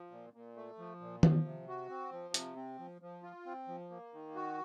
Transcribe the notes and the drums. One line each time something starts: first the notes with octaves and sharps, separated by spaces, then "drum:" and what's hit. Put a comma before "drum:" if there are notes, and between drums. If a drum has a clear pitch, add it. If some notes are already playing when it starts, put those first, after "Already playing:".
Already playing: F3
A#2
A#2
A3
F3
A#2
F3, drum: tom D#3
C3
F#4
C4
F3
C3, drum: hi-hat
C4
F3
F3
F4
C4
F3
A#3
D#3
F#4